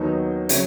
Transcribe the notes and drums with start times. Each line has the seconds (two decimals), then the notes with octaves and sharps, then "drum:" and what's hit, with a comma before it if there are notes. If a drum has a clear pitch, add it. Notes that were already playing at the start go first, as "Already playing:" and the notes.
Already playing: D#2 D#3 F#3 B3 D#4
0.49 C#3 F#3 C#4, drum: hi-hat